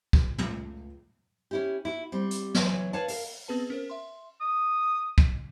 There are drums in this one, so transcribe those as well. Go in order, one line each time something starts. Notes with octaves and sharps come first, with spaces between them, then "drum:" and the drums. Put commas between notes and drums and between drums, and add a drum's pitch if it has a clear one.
drum: kick
C#2 A3, drum: tom
C#4 E4 G4
E4 F#4
G3 C4
drum: hi-hat
E3 F#3 C#5, drum: snare
B4 C#5 F5 F#5 A5
A#4 F5, drum: open hi-hat
B3 C4 G#4 B4 A5
C#4 A#4 C5
E5 C6
D#6
drum: kick